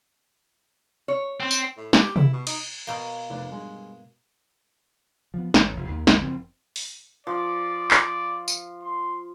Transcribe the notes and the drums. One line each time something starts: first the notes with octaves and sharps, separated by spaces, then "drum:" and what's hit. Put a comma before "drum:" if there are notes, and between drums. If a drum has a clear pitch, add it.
C#5
C4
drum: tambourine
A2
G4, drum: snare
E4, drum: tom C3
B2
D#4, drum: cymbal
B2 A#3
F1 B4 D5
G2 G#3
F3 B3
A1 G#2, drum: snare
F1 F2
D#2 D#3 A#3
G1 D#2, drum: snare
F#1 F3 C4
drum: open hi-hat
F3 D5
drum: clap
drum: tambourine
C6